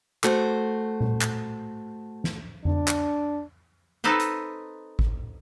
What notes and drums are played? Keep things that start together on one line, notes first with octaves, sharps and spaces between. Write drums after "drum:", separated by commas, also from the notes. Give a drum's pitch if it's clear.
A3 F#4 C5, drum: clap
drum: tom A#2
drum: clap
drum: snare
D4, drum: tom F2
drum: clap
C4 D#4 A4 B4 C5
drum: hi-hat
drum: kick G#1